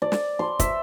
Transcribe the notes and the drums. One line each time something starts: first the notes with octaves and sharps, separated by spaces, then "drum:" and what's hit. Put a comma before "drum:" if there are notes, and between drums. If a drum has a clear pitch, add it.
D5
drum: snare
C6
E5, drum: kick, hi-hat